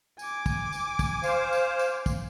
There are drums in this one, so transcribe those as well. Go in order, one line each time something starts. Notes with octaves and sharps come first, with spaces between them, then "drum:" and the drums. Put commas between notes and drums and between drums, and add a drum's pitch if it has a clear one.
G#5 D6, drum: tambourine
drum: kick, tambourine
drum: tambourine
drum: kick, tambourine
C5 F5, drum: tambourine
drum: tambourine
drum: tambourine
drum: kick, tambourine